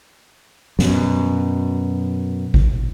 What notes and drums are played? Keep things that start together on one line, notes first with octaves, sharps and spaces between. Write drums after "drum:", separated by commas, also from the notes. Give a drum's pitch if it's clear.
F#2 B2, drum: snare
drum: kick G#1